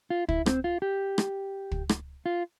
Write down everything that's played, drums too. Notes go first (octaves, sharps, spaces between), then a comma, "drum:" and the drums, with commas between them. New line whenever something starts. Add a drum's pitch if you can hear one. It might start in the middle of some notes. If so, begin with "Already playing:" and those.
F4
E4, drum: kick
C4, drum: rim click
F4
G4
drum: rim click
drum: kick
drum: rim click
F4